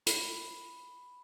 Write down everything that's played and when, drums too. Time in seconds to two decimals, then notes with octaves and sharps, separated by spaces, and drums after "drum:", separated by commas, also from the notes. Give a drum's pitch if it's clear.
0.06 B5, drum: hi-hat